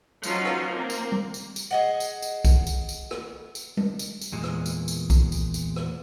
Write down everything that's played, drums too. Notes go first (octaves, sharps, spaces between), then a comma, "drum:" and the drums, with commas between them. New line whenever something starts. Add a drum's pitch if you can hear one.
F3 F#3 C#4 D#4 F4, drum: tambourine
drum: rim click
A#3 C4
drum: tambourine
drum: tom G3
drum: tambourine
drum: tambourine
G#4 D#5 F#5
drum: tambourine
drum: tambourine
drum: kick B1, tambourine
drum: tambourine
drum: tambourine
drum: rim click
drum: tambourine
drum: tom G3
drum: tambourine
drum: tambourine
E2 A#2 G#3
drum: rim click
drum: tambourine
drum: tambourine
drum: kick B1, tambourine
drum: tambourine
drum: tambourine
drum: rim click